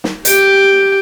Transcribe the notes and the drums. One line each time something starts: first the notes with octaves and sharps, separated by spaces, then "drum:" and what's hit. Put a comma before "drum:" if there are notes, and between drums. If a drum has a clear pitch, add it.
drum: snare
G4 G5, drum: hi-hat